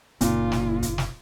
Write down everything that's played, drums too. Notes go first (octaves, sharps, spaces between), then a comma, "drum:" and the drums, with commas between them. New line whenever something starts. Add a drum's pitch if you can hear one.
F#1 A#2 D#4 F4, drum: hi-hat
drum: snare
drum: kick, hi-hat
drum: snare